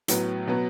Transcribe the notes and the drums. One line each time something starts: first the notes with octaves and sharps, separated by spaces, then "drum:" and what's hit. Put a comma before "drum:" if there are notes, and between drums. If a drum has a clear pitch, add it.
A2 F#3 B3, drum: hi-hat
B2 F#3 B3